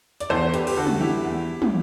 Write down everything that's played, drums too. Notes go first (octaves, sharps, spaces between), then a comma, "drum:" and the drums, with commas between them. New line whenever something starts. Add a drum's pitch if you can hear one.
D5, drum: hi-hat
E2 A4 C5
G4 B4, drum: hi-hat
G4, drum: cymbal
D3 F#4 A4
drum: tom
E4 G4
E2
drum: tom